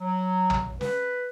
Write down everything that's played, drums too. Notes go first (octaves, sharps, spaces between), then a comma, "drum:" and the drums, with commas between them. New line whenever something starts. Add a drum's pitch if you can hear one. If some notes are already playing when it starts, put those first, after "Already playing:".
F#3
drum: tom
B4, drum: snare